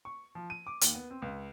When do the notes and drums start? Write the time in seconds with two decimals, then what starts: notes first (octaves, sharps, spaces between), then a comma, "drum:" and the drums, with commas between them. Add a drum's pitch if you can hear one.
0.05 C#6
0.35 F3
0.50 D#7
0.67 D6
0.81 D#2, drum: hi-hat
0.95 B3
1.10 C4
1.22 C#2